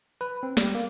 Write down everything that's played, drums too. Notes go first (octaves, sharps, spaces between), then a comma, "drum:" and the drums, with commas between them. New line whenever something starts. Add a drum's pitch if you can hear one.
B4
C4
G3, drum: snare
A#3